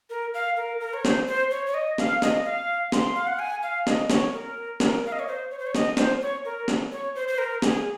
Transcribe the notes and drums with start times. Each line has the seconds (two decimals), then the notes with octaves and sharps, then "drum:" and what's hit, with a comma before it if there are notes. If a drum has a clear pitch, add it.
0.10 A#4
0.34 F5
0.57 A#4
0.80 A#4
0.94 C#5
1.05 C5, drum: snare
1.27 C5
1.51 C#5
1.66 C#5
1.74 D#5
1.98 F5, drum: snare
2.22 D#5, drum: snare
2.45 F5
2.92 C6, drum: snare
3.15 F5
3.27 F#5
3.39 G#5
3.63 F5
3.87 D#5, drum: snare
4.10 C#5, drum: snare
4.33 A#4
4.80 A#4, drum: snare
5.06 F5
5.12 D#5
5.19 C#5
5.28 C5
5.51 C#5
5.59 C5
5.67 C#5
5.75 D#5, drum: snare
5.97 C5, drum: snare
6.21 C#5
6.45 A#4
6.68 drum: snare
6.92 C#5
7.15 C5
7.28 C5
7.38 A#4
7.62 G#4, drum: snare